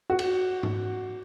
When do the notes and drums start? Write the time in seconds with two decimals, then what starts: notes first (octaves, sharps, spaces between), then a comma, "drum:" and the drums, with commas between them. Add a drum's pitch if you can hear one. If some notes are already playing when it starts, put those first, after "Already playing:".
0.10 F#4
0.19 drum: cymbal
0.63 drum: tom G#2